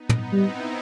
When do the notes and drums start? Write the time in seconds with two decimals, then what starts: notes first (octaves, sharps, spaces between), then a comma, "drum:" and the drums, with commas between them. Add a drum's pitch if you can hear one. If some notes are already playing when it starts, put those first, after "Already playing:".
Already playing: B3 D#4
0.09 drum: tom
0.32 G3 C4 E4